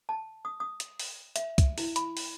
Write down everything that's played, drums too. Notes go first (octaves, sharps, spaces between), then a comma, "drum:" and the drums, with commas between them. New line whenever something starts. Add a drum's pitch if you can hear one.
A5
D#6
D#6
drum: hi-hat
drum: open hi-hat
E5, drum: hi-hat
drum: kick, hi-hat
E4, drum: open hi-hat
B5, drum: hi-hat
drum: open hi-hat